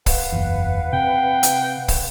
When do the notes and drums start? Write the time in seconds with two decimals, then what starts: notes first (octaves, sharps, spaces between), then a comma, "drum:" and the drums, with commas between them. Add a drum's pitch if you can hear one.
0.06 B4 F5 F#5, drum: kick, open hi-hat
0.32 F#1 E2
0.93 C3 G5
1.43 drum: hi-hat
1.88 drum: kick, open hi-hat